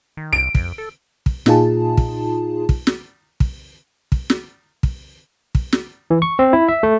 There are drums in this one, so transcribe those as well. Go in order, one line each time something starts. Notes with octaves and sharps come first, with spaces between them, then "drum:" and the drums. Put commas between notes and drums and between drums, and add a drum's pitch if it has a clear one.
D#3
C2 D7
F2, drum: kick
A4
drum: kick
A#2 D#4 F4 G#4 A5, drum: snare
drum: kick
drum: kick
drum: snare
drum: kick
drum: kick
drum: snare
drum: kick
drum: kick
drum: snare
E3
C#6
C4
E4
E5
A3